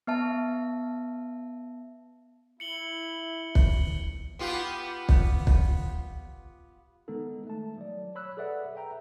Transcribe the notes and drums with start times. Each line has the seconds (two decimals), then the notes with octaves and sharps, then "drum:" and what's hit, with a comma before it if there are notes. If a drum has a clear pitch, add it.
0.07 B3 E5 A5
2.60 E4 C#7 F#7 G7
3.55 drum: kick
4.39 B3 F4 G4
5.09 drum: kick
5.47 drum: kick
7.08 D#3 G#3 B3 D#4 A4
7.47 A3 A5
7.78 F#3 D5
8.15 C#5 B5 E6 F#6
8.37 G#4 A4 B4 D5 E5 F#5
8.76 E5 G5 A#5